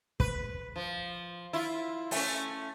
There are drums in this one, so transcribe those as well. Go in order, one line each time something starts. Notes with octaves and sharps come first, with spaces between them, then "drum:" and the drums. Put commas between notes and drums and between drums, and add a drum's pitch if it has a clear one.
B4, drum: kick
F3
E4 F4
A3 C#4, drum: open hi-hat